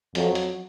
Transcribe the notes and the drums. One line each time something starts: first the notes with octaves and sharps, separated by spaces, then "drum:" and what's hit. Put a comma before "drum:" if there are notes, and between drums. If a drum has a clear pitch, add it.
F2 F#3, drum: hi-hat
drum: hi-hat